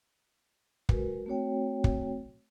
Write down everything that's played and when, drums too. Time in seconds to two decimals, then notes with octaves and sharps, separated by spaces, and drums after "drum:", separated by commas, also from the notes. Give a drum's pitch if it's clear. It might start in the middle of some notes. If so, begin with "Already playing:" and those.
0.89 G#3 F#4 A#4 B4, drum: kick
1.26 A3 C4 F#4 C#5 G5
1.84 drum: kick